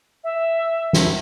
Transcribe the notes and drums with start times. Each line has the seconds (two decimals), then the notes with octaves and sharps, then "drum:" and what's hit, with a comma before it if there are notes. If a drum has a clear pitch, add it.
0.24 E5
0.93 drum: snare